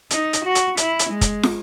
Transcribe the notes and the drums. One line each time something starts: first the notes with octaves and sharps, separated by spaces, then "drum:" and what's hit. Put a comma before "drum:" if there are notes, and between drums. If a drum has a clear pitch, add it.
D#4, drum: hi-hat
drum: hi-hat
F#4
drum: hi-hat
E4, drum: hi-hat
drum: hi-hat
G#3
drum: kick, hi-hat
drum: snare